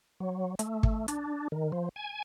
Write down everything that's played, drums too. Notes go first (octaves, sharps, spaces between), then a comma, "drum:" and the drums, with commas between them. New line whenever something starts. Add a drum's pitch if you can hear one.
F#3
A3, drum: hi-hat
drum: kick
D4, drum: hi-hat
D#3
F3
G#5